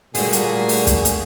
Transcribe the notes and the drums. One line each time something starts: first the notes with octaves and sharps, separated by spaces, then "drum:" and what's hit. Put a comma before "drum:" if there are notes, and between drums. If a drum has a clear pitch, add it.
A#2 D3 G3 A3 F#4 G#4, drum: open hi-hat
drum: hi-hat
drum: open hi-hat
drum: kick, hi-hat
drum: hi-hat